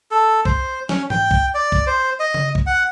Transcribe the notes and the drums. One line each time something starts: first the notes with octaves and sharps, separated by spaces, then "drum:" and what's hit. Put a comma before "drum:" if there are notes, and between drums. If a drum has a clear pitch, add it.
A4
C5, drum: kick
C#4, drum: snare
G5, drum: tom G#2
drum: kick
D5
drum: kick
C5
D#5
drum: tom C#3
drum: kick
F#5